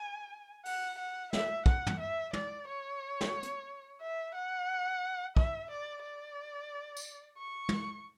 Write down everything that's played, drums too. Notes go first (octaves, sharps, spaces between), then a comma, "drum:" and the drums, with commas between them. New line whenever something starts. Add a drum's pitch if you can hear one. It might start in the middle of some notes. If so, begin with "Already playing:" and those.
Already playing: G#5
F#5, drum: open hi-hat
F#5
E5, drum: snare
F#5, drum: kick
drum: tom
E5
D5, drum: tom
C#5
drum: snare
drum: hi-hat
E5
F#5
E5, drum: kick
D5
D5
drum: tambourine
C#6
drum: tom